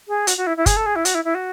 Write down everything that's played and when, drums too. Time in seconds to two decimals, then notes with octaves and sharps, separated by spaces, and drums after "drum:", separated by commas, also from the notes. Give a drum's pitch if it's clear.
0.08 G#4
0.27 F#4, drum: hi-hat
0.37 F#4
0.47 E4
0.57 E4
0.66 G#4, drum: kick F#1, hi-hat
0.76 A4
0.86 G#4
0.96 E4
1.05 F#4, drum: hi-hat
1.15 E4
1.25 E4
1.35 F#4